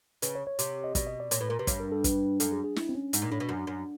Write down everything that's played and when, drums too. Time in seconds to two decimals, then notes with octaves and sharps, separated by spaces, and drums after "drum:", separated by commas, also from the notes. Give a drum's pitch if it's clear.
0.22 C#3 B4, drum: hi-hat
0.35 C#5
0.47 C#5
0.59 C3, drum: hi-hat
0.84 D#5
0.95 B2 D5, drum: kick, hi-hat
1.07 D#5
1.20 D5
1.31 A#2 C#5, drum: hi-hat
1.41 A2 B4
1.49 A#2 A#4
1.59 C3 B4
1.67 G2 C#5, drum: kick, hi-hat
1.80 A#4
1.92 A4
2.04 B4, drum: kick, hi-hat
2.40 F#2 A4, drum: hi-hat
2.52 G#4
2.64 G#4
2.76 E4, drum: snare
2.89 C4
2.95 C#4
3.13 G#2 D#4, drum: hi-hat
3.22 A#2
3.31 A2 D4
3.40 B2
3.49 F#2
3.67 F#2